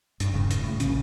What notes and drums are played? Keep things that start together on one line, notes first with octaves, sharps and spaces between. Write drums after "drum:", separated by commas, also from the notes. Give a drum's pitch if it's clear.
G2, drum: hi-hat
D#1 G2 C#3
drum: hi-hat
A2
A#1 C#3 C#4, drum: hi-hat